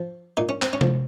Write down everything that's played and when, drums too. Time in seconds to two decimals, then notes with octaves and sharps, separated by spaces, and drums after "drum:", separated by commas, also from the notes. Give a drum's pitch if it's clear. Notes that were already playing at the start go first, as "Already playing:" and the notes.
Already playing: F3
0.37 A#2 D#4
0.49 C#4
0.62 C4, drum: clap
0.73 C#4
0.81 F3, drum: tom C3